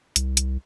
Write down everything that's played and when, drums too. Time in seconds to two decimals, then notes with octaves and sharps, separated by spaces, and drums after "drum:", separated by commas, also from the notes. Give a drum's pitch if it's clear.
0.16 C2, drum: hi-hat
0.37 drum: hi-hat